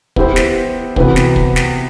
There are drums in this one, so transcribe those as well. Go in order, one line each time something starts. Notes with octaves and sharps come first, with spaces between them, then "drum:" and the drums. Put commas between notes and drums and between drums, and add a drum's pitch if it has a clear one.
B3 E4 G4 C5, drum: kick
drum: snare
C3 E3 B3 F#4 B4, drum: kick
drum: snare
drum: kick
drum: snare